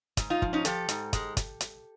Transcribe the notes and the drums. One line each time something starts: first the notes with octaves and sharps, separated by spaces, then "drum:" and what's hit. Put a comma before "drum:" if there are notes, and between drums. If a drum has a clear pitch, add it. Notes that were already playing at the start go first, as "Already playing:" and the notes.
G#2, drum: kick, hi-hat
D#4 F4
F3, drum: kick
C#4 D#4
F3 G4 A4, drum: hi-hat
G#2, drum: hi-hat
G#3, drum: kick, hi-hat
drum: kick, hi-hat
drum: hi-hat